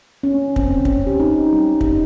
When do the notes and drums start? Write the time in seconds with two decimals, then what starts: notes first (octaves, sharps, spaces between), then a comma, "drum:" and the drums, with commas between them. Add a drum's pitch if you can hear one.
0.23 C#4
0.56 C4, drum: kick
0.85 C#4, drum: kick
1.07 G4
1.20 D#4
1.53 G3
1.81 D#4, drum: kick